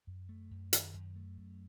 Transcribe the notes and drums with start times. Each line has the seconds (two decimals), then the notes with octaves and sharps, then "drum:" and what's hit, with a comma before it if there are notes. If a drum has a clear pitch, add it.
0.07 F#2
0.29 A3
0.51 F#2
0.73 D#3, drum: hi-hat
0.94 F#2
1.16 A3
1.37 F#2